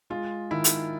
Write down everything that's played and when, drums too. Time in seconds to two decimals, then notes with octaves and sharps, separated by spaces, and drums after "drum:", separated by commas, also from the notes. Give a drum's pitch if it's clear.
0.10 G#3 F4
0.51 D#3 E4
0.64 drum: hi-hat